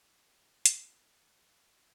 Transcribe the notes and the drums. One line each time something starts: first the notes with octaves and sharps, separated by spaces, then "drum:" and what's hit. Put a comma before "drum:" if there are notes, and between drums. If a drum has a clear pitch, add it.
G#2
drum: hi-hat